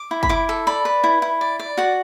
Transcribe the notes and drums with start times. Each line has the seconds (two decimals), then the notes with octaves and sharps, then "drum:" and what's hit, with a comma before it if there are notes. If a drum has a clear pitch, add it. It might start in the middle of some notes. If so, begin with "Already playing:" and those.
Already playing: D6
0.11 E4
0.23 B5, drum: kick
0.29 E4 D6
0.49 A4
0.67 D5 B5
0.85 B4
1.04 E4
1.22 E4
1.41 D5
1.59 D5
1.78 F#4 F#5